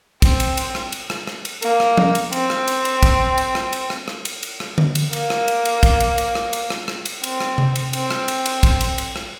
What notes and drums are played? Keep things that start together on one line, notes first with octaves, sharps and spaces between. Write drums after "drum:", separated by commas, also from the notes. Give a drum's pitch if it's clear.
C4, drum: kick, cymbal
drum: cymbal
drum: cymbal
drum: rim click
drum: cymbal
drum: rim click
drum: rim click
drum: cymbal
A#3, drum: cymbal
drum: rim click
drum: tom F3
drum: cymbal
C4, drum: cymbal
drum: rim click
drum: cymbal
drum: cymbal
drum: kick, cymbal
drum: cymbal
drum: rim click
drum: cymbal
drum: rim click
drum: rim click
drum: cymbal
drum: cymbal
drum: rim click
drum: tom D3
drum: cymbal
A#3, drum: cymbal
drum: rim click
drum: cymbal
drum: cymbal
drum: kick, cymbal
drum: cymbal
drum: cymbal
drum: rim click
drum: cymbal
drum: rim click
drum: rim click
drum: cymbal
C4, drum: cymbal
drum: rim click
drum: tom C3
drum: cymbal
C4, drum: cymbal
drum: rim click
drum: cymbal
drum: cymbal
drum: kick, cymbal
drum: cymbal
drum: cymbal
drum: rim click